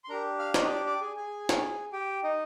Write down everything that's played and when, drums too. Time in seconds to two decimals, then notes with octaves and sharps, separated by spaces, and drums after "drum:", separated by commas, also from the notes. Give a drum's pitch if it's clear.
0.04 C6
0.09 D4 G4 A#4 A#5
0.39 F5 F6
0.54 D#5 D#6, drum: snare
0.70 D5 D6
0.86 D5 D6
1.01 G#4 G#5
1.16 G#4 G#5
1.49 drum: snare
1.92 G4 G5
2.23 D#4 D#5